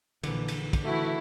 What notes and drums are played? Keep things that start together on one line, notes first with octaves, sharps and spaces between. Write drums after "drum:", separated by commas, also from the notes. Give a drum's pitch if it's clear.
A#1 D3 E3, drum: cymbal
drum: cymbal
drum: kick, cymbal
C#3 E3 A3 E4 F#4